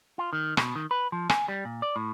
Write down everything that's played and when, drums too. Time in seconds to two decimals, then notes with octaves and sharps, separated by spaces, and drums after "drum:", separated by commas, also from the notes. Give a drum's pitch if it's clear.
0.18 F4
0.33 D#3
0.57 B2, drum: rim click
0.75 D#3
0.91 B4
1.12 F3
1.30 G#5, drum: rim click
1.48 G3
1.65 A#2
1.82 D5
1.96 A2